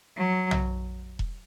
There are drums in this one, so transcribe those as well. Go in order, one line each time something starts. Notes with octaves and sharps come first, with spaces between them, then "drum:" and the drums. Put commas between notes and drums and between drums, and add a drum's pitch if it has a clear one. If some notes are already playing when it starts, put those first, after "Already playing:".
F#3
drum: tom B1
drum: kick E1